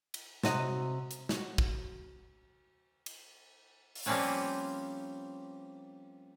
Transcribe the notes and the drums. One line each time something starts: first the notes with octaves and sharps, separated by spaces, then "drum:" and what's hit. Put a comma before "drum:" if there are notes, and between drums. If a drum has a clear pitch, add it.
drum: cymbal
C3 F#4 D#5, drum: snare
drum: hi-hat
F#4, drum: snare
drum: kick
drum: cymbal
drum: open hi-hat
F3 G3 A#3 C4 C#4 B4